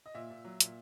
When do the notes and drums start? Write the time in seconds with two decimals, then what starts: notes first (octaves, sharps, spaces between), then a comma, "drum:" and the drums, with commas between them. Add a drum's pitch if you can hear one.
0.06 D#5
0.14 A#2 E5
0.30 A#2
0.45 F#3
0.61 A#2, drum: hi-hat